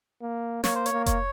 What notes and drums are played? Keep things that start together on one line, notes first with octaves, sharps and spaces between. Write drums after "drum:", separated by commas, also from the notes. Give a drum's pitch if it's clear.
A#3
A#3 C#5, drum: snare
C5
C#5, drum: hi-hat
A#3
C#5, drum: kick F1, hi-hat